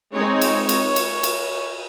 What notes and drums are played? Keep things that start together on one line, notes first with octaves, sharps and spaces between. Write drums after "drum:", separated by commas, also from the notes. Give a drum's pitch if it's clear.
G#3 C4 D#4 C#5
drum: cymbal
drum: cymbal
drum: cymbal
drum: cymbal